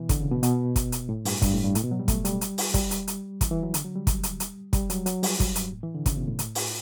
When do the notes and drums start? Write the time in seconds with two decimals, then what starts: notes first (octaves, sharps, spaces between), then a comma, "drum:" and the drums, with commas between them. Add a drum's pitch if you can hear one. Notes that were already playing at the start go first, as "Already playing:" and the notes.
Already playing: B2 E3
0.09 D3, drum: kick, hi-hat
0.21 C#3
0.31 B2
0.43 B2, drum: hi-hat
0.76 drum: kick, hi-hat
0.92 drum: hi-hat
1.09 A2
1.25 G2, drum: open hi-hat
1.42 G2, drum: kick, hi-hat
1.53 A2
1.64 G2
1.75 A2, drum: hi-hat
1.83 B2
1.91 F#3
2.00 G3
2.08 A3, drum: kick, hi-hat
2.25 G3, drum: hi-hat
2.41 drum: hi-hat
2.58 drum: open hi-hat
2.74 G3, drum: kick, hi-hat
2.91 drum: hi-hat
3.07 drum: hi-hat
3.41 E3, drum: kick, hi-hat
3.51 E3
3.63 F#3
3.74 D3, drum: hi-hat
3.85 F#3
3.95 G3
4.07 drum: kick, hi-hat
4.23 drum: hi-hat
4.40 drum: hi-hat
4.73 G3, drum: kick, hi-hat
4.90 F#3, drum: hi-hat
5.06 F#3, drum: hi-hat
5.23 G3, drum: open hi-hat
5.40 F#3, drum: kick, hi-hat
5.56 G2, drum: hi-hat
5.72 A2
5.83 E3
5.94 D3
6.06 C#3, drum: kick, hi-hat
6.17 B2
6.28 A2
6.39 drum: hi-hat
6.55 drum: open hi-hat